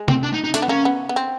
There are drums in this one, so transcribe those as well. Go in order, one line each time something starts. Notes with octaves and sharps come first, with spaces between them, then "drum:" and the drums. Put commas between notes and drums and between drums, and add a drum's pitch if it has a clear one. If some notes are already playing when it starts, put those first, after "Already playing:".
Already playing: G#3
C4, drum: tom C3
D4
D#4
D#4
A3 D4, drum: hi-hat
B3
A#3 C#4
B3
B3
C4